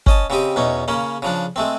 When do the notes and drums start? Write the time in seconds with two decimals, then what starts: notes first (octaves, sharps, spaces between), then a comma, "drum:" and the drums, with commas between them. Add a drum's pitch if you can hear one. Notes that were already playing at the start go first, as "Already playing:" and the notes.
0.06 C#4 D#5 A5, drum: kick
0.30 C#3 C4 G4 D#5
0.56 E2 B2 C#4 D#4
0.88 C#3 A#3 C#4
1.22 C#3 F3 D4
1.56 G#3 A3 C4